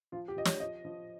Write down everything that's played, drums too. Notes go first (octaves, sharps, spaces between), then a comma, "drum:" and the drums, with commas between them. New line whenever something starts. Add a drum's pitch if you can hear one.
F3 F4
G4
F3 D#5
C#5, drum: snare
F3 D#5
F3